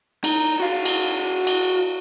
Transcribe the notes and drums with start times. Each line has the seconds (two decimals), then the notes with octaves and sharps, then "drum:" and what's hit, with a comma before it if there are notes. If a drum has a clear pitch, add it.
0.24 D#4, drum: cymbal
0.60 F#4 F5
0.85 drum: cymbal
1.47 drum: cymbal